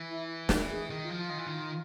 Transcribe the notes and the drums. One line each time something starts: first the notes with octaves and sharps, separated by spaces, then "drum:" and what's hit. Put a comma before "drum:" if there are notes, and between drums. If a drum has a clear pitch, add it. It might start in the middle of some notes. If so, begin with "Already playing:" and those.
Already playing: E3
E4
drum: snare
G#4
D#3
F4
F3
F4
D#3
E3
D#3